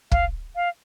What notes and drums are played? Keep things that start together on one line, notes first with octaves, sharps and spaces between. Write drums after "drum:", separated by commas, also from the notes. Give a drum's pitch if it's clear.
F5, drum: kick
F5